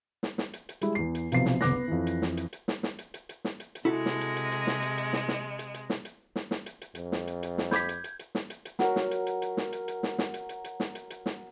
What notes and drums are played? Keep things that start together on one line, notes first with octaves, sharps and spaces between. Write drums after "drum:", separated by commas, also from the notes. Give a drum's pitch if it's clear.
drum: snare
drum: snare
drum: hi-hat
drum: hi-hat
G3 G#3 E4, drum: hi-hat
E2 C7
drum: hi-hat
B1 C3 F3 B3 C7, drum: hi-hat
drum: snare
F#1 C2 B3 D6 F#6 A#6, drum: snare
B3
F2 E3
drum: hi-hat
drum: snare
drum: hi-hat
drum: hi-hat
drum: snare
drum: snare
drum: hi-hat
drum: hi-hat
drum: hi-hat
drum: snare
drum: hi-hat
drum: hi-hat
C3 G#3 E4 F#4 A4
drum: snare
drum: hi-hat
drum: hi-hat
drum: hi-hat
drum: snare
drum: hi-hat
drum: hi-hat
drum: snare
drum: snare
drum: hi-hat
drum: hi-hat
drum: snare
drum: hi-hat
drum: snare
drum: snare
drum: hi-hat
drum: hi-hat
F2, drum: hi-hat
drum: snare
drum: hi-hat
drum: hi-hat
drum: snare
B5 D6 G6 G#6 B6, drum: snare
drum: hi-hat
drum: hi-hat
drum: hi-hat
drum: snare
drum: hi-hat
drum: hi-hat
F#3 A#4, drum: snare
drum: snare
drum: hi-hat
drum: hi-hat
drum: hi-hat
drum: snare
drum: hi-hat
drum: hi-hat
drum: snare
drum: snare
drum: hi-hat
drum: hi-hat
drum: hi-hat
drum: snare
drum: hi-hat
drum: hi-hat
drum: snare